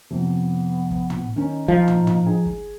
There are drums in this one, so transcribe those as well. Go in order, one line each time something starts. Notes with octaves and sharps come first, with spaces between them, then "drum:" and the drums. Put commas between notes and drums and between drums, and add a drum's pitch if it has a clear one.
F2 C3 B3
drum: kick
drum: tom
D#3 C#4 D#4
F3 F5, drum: kick
drum: tom
drum: tom
G#4
drum: kick